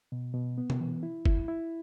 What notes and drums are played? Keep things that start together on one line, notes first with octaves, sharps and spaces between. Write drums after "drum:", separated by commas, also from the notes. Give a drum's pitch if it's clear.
B2
B2
B3
drum: tom B2
E3
E4
E4, drum: kick
E4